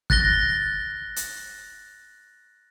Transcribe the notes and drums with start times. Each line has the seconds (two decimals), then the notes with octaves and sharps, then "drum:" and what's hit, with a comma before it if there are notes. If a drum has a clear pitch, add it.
0.10 F#6 A6 A#6 G7, drum: kick
1.16 drum: hi-hat